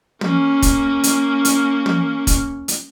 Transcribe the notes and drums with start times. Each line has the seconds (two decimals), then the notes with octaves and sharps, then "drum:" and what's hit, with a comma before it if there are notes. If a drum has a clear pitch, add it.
0.21 A#3 C#4, drum: tom
0.62 drum: kick, hi-hat
1.04 drum: hi-hat
1.45 drum: hi-hat
1.86 drum: tom
2.27 drum: kick, hi-hat
2.68 drum: hi-hat